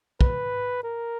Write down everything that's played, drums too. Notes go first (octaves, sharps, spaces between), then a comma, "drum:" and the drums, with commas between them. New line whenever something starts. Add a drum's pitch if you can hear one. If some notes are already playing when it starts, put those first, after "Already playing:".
B4, drum: kick
A#4